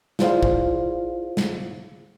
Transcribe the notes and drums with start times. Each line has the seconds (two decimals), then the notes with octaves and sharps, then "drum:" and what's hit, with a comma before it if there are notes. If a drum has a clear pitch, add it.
0.19 E4 F4 G#4 C5 D5 F5, drum: snare
0.43 drum: kick
1.37 drum: snare